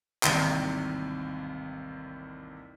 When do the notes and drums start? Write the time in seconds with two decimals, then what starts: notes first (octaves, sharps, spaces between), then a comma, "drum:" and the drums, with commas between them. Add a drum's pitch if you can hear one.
0.23 A1 D#2 G#2 C3 G3, drum: clap